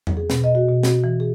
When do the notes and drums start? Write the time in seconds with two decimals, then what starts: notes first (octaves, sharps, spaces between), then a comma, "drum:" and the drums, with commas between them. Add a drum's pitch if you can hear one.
0.07 drum: tom E2
0.17 G#4
0.30 B2, drum: snare
0.44 D#5
0.55 F#4
0.69 B2
0.83 F#4, drum: snare
1.04 E3
1.20 G#4